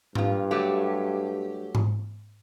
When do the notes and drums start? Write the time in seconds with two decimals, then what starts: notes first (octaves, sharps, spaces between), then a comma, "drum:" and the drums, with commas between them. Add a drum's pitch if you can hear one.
0.15 G2 A#2 F4, drum: tom G#2
0.51 F#3 A3 G4
1.75 drum: tom G#2